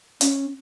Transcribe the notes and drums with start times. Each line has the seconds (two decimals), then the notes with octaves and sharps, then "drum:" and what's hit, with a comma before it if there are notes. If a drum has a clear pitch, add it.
0.21 C#4, drum: hi-hat